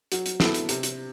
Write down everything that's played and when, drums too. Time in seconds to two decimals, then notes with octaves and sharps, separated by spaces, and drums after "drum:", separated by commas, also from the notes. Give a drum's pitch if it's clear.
0.12 F#3, drum: hi-hat
0.26 drum: hi-hat
0.40 B3 E4 A4, drum: snare
0.54 drum: hi-hat
0.69 C3, drum: hi-hat
0.83 drum: hi-hat